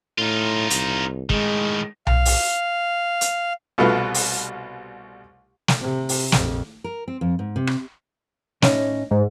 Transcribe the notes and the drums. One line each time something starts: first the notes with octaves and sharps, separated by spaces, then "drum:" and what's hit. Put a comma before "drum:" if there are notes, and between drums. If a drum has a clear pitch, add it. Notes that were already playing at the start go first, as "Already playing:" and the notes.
A2 D#4 F4
C2, drum: hi-hat
A2 D#3 G#3, drum: kick
F5, drum: tom B1
drum: open hi-hat
drum: hi-hat
C2 B2 A3 F4 B4
drum: open hi-hat
drum: snare
C3
drum: open hi-hat
A#1 F2, drum: snare
A#4
C4
F2
G#2
C3
drum: rim click
A2 C#4 D#4, drum: snare
G#2